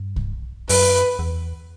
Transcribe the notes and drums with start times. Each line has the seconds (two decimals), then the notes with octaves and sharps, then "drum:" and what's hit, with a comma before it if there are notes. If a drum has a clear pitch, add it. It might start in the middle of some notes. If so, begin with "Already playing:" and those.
Already playing: G2
0.16 drum: kick
0.69 F#2 B4, drum: open hi-hat
1.19 E2